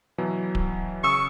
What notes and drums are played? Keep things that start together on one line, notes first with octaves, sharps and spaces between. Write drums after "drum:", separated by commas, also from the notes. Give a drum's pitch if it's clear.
B2 E3 F#3
drum: kick D1
C#3 C#6 D#6 E6